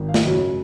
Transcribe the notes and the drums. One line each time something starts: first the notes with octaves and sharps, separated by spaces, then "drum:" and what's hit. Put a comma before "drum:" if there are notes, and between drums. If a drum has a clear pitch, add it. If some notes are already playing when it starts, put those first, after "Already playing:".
Already playing: G#1
F5
D#5, drum: snare
F#2 C#3 F#3
C#5